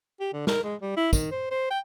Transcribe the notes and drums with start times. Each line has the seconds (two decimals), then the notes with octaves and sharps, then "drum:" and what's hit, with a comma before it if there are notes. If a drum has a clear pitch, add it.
0.20 G4
0.33 D3
0.47 A#4, drum: snare
0.64 G#3
0.82 G3
0.97 E4
1.13 D#3, drum: kick, tambourine
1.32 C5
1.51 C5
1.70 G5